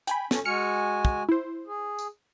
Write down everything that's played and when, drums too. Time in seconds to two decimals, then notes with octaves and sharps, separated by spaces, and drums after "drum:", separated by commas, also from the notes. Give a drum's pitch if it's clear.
0.07 G5 G#5 B5, drum: hi-hat
0.31 C#4 A4, drum: snare
0.45 G#3 F#4 G#5 F6 C#7
1.05 drum: kick
1.29 E4 C5
1.67 G#4
1.99 drum: tambourine